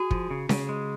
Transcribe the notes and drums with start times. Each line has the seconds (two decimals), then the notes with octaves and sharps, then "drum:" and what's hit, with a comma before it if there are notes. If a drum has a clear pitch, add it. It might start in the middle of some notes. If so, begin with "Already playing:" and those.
Already playing: F#4 G#4
0.11 F3, drum: kick
0.31 C#3
0.49 C#3, drum: snare C#4
0.69 G#3